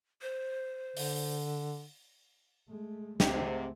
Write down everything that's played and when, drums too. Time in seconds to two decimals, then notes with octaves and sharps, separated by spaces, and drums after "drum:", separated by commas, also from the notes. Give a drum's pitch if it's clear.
0.22 C5
0.97 D3, drum: open hi-hat
2.69 G#3 A3
3.20 C#2 G#2 C3 A3 C4 G4, drum: snare